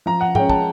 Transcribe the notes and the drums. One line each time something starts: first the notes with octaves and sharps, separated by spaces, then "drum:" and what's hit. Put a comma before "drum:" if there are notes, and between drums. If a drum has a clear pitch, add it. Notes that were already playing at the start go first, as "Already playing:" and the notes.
F3 A#5
F#5
G#3 C#4 G5, drum: tom G#2
A5, drum: kick